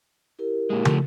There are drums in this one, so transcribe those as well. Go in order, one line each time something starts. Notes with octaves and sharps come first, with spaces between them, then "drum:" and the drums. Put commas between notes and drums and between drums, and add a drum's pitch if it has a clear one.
E4 G4 A#4
A#2 G#3
F3 A3, drum: tom